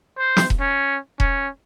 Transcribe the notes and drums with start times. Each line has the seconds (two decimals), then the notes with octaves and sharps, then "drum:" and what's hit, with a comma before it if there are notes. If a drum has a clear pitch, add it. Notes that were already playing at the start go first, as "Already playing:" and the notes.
0.18 C5
0.37 drum: snare
0.50 drum: kick E1
0.60 C#4
1.20 C#4, drum: kick E1